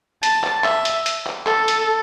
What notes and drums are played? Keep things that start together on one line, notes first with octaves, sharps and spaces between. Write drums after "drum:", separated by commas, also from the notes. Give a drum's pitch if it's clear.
A5, drum: hi-hat
drum: clap
E5, drum: clap
drum: hi-hat
drum: hi-hat
drum: clap
A4, drum: clap
drum: hi-hat